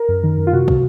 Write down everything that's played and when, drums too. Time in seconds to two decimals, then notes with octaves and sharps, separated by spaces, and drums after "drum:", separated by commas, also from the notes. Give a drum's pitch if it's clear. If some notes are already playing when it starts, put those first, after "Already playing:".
Already playing: A#4
0.09 F#2
0.24 D#3
0.38 F#2
0.47 F4
0.53 C3 F#4
0.68 C3, drum: kick